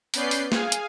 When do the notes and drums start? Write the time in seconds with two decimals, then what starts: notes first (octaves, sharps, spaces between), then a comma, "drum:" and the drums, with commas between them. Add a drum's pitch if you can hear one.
0.14 B3 C#4 B4 D5 G6 C7, drum: open hi-hat
0.31 drum: open hi-hat
0.52 G#4 F5 G#5, drum: snare
0.72 drum: hi-hat